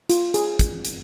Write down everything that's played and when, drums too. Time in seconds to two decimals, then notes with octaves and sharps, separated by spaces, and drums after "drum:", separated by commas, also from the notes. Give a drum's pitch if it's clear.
0.10 F4, drum: hi-hat
0.34 G#4, drum: hi-hat
0.59 drum: kick, hi-hat
0.85 drum: hi-hat